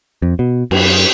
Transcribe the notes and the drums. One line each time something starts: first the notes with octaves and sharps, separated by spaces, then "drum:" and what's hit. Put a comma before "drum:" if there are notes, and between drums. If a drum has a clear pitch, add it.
F2
B2
F#2, drum: cymbal